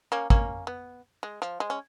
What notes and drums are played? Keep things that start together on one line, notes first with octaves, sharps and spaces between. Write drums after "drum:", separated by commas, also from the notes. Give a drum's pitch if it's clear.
A#3 C#4
A#3 C#4, drum: kick
B3
G#3
F3
G#3
C#4